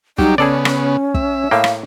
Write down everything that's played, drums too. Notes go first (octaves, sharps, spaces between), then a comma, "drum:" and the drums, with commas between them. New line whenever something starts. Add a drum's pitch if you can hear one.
F#3 G3 D#4 G4, drum: kick
C#3 B3 C#4 G#4 A4 D5
drum: rim click
E5, drum: kick
A2 A#3 F5 G5
drum: rim click